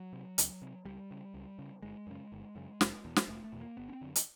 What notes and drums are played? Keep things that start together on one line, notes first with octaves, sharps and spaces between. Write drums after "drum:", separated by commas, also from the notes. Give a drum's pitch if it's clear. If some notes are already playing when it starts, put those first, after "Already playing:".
Already playing: F#3
C3
C#2, drum: hi-hat
C3
C#2 G3
C#3
C#2
C#3
G1 G#3
F#2 C#3
G1
F#2 C#3
F1, drum: snare
E2 B2
drum: snare
F1 A3
A3
E2 B2
A#3
G1 B3
C#4
C4
F#2 D3
drum: hi-hat